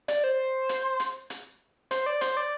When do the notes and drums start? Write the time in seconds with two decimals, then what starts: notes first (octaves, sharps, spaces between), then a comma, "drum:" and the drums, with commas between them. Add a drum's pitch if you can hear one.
0.08 D5, drum: hi-hat
0.24 C5
0.69 drum: hi-hat
1.00 drum: hi-hat
1.30 drum: hi-hat
1.91 C5, drum: hi-hat
2.06 D5
2.21 C5, drum: hi-hat
2.37 D5